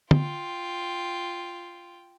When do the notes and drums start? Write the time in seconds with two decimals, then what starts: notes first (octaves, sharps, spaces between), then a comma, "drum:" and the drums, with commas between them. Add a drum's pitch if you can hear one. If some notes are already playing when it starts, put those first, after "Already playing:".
0.11 F4 G5, drum: tom